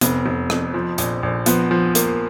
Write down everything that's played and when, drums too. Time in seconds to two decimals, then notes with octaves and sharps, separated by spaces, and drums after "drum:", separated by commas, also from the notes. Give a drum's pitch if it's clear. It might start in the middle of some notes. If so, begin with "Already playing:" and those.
0.01 F1 B3, drum: hi-hat
0.26 F1
0.50 F2, drum: rim click
0.74 F3
0.98 A#1, drum: hi-hat
1.23 A#1
1.46 F3 B3, drum: hi-hat
1.71 F3
1.95 A#3, drum: hi-hat